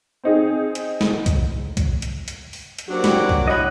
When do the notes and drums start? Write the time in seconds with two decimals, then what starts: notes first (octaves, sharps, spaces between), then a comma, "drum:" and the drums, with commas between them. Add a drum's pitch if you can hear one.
0.24 C4 D#4 G#4
0.75 drum: hi-hat
1.01 drum: snare
1.26 drum: kick, hi-hat
1.77 drum: kick, hi-hat
2.02 drum: hi-hat
2.28 drum: hi-hat
2.53 drum: open hi-hat
2.79 drum: hi-hat
2.88 F#3 A#3 D4 G4 C5 D5 F#5
3.04 F#4 G5, drum: snare
3.29 drum: kick
3.48 E4 C#5 D#5 F#5